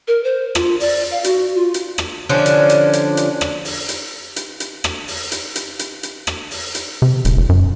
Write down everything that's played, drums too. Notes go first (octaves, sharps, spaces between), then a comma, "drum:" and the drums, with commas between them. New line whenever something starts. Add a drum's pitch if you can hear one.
A#4
C5
F4, drum: rim click
D5, drum: open hi-hat
F5
F#4, drum: hi-hat
F4
drum: hi-hat
drum: rim click
D3 F3 C#4 D4
drum: hi-hat
drum: hi-hat
drum: hi-hat
drum: hi-hat
drum: rim click
drum: open hi-hat
drum: hi-hat
drum: hi-hat
drum: hi-hat
drum: rim click
drum: open hi-hat
drum: hi-hat
drum: hi-hat
drum: hi-hat
drum: hi-hat
drum: rim click
drum: open hi-hat
drum: hi-hat
C3
D#1, drum: hi-hat
F1
F#2